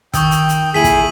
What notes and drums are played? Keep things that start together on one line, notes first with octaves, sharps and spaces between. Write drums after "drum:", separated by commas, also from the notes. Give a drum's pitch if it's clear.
D#3 G5 C#6 D#6 E6, drum: kick, hi-hat
drum: hi-hat
drum: hi-hat
A#2 E4 G#4 A4 B6 D#7 F#7
drum: kick, hi-hat